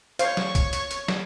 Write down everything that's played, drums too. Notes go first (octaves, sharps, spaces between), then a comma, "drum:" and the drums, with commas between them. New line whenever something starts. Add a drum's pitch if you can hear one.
C5 C#5 F5 C#6, drum: hi-hat
drum: snare
drum: kick, hi-hat
drum: hi-hat
drum: hi-hat
drum: snare